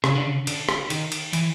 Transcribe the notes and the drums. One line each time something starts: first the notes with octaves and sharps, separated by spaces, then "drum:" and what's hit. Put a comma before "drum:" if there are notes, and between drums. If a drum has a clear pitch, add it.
C#3, drum: rim click
D3
C#3
D3, drum: cymbal
drum: rim click
D#3, drum: cymbal
drum: cymbal
E3, drum: cymbal